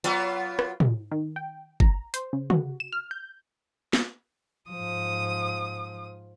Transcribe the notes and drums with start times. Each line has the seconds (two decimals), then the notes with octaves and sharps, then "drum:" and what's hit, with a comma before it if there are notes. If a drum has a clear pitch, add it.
0.04 F#3 B3 F4, drum: hi-hat
0.59 drum: rim click
0.80 drum: tom
1.12 D#3
1.36 G5
1.80 A#5, drum: kick G1
2.14 C5, drum: hi-hat
2.33 C#3
2.50 F#4, drum: tom
2.80 E7
2.93 F6
3.11 G6
3.93 drum: snare
4.70 G#2 F3 D#6